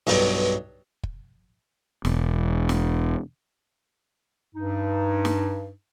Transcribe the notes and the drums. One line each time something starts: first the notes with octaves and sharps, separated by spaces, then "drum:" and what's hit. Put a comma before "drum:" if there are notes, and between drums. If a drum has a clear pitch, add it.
B1 G2, drum: open hi-hat
drum: kick
E1, drum: snare
drum: snare
G2 D#4
drum: snare